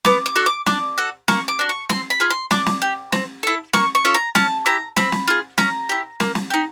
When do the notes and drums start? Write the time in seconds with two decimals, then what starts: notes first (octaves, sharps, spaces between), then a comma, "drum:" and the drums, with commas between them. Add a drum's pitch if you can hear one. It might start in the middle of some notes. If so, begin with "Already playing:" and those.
0.05 B3 D6, drum: snare
0.26 D6
0.36 D4 F#4 A4
0.46 D6
0.66 D4 D6, drum: snare
0.98 F#4 A4
1.28 A#3 C#6, drum: snare
1.48 D6
1.59 D4 F#4
1.69 C#6
1.89 C4 C6, drum: snare
2.10 B5
2.20 F4 G#4
2.30 C6
2.51 D4 D6, drum: snare
2.66 drum: snare
2.82 G4
3.12 C4, drum: snare
3.43 E4 A4
3.73 A#3 C#6, drum: snare
3.95 C#6
4.05 C#4 F4 A4
4.14 A#5
4.35 C#4 A5, drum: snare
4.66 E4 G4 A#5
4.96 C4 B5, drum: snare
5.12 drum: snare
5.28 F4 G#4
5.58 C#4 A#5, drum: snare
5.89 E4 G4
6.20 A#3, drum: snare
6.35 drum: snare
6.50 D#4 G4